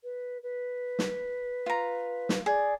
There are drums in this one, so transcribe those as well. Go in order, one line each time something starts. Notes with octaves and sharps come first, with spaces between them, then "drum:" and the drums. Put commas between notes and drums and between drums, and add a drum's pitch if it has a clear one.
B4
B4
drum: snare
F4 A#5
drum: snare
G#4 D5